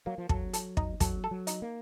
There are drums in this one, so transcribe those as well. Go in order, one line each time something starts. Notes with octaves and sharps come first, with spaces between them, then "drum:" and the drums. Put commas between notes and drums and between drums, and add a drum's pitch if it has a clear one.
F#3 A#3
F3
F#3 A4, drum: kick
A4, drum: hi-hat
D#4, drum: kick
F#3 A4, drum: kick, hi-hat
A4
F#3
D#4, drum: hi-hat
A#3